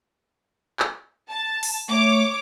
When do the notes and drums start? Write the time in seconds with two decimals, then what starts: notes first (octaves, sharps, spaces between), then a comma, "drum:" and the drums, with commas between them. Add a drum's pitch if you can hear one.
0.80 drum: clap
1.30 A5
1.63 drum: open hi-hat
1.88 A3 C#5 D6